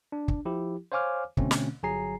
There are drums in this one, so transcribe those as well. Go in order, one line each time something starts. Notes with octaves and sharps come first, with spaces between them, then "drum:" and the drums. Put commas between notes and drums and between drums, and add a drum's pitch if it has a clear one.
D4
drum: kick
F3 E4 G4
C5 C#5 F5 G#5 D6 F6
B2 D3 A3 C4 C#4, drum: kick
drum: snare
G1 F#3 G#4 G#5 A#5 C7